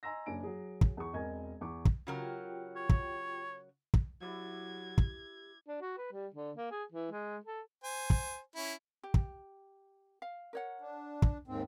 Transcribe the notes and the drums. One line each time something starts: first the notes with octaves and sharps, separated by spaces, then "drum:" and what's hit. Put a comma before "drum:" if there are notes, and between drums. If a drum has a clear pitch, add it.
D#5 G#5 A#5 C6 E6 A#6
F#1 F#2 D4 G#5 D7
F#3 G#4
drum: kick
E2 G#4 C#6
E1 C4 A#4 D#5 G#5 G#6
E2 C#6 D6
drum: kick
C#3 F#3 F4 G4 A#4 G5
C#5
drum: kick
drum: kick
F#3 E4 G4 D5 E5 G#6
drum: kick
D4
F#4
B4
G3
D3
A#3
G#4
E3
G#3
A4
C5 G#5
drum: kick
C#4 E4
G4
drum: kick
F5
A#4 C#5 F#5
D4
drum: kick
D#2 G#2 C4